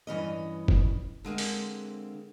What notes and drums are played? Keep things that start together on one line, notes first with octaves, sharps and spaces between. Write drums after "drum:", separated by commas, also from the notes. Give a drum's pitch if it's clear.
G2 E3 C#4 D#5
drum: kick
D3 G#3 A#3 C4
drum: open hi-hat